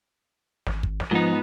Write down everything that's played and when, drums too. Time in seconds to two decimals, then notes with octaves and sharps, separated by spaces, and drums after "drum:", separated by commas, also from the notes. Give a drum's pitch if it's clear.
0.67 G#1, drum: snare
0.83 drum: kick
1.00 drum: snare
1.11 G#2 F3 B3 D#4 F4